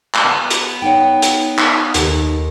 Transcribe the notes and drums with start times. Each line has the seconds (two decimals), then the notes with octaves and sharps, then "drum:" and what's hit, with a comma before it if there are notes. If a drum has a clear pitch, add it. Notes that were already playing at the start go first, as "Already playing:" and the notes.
0.15 drum: clap
0.25 B3 B4 A5
0.50 drum: hi-hat
0.82 D#4 C#5 F#5 G5
1.22 drum: hi-hat
1.58 drum: clap
1.94 D#2 A4, drum: hi-hat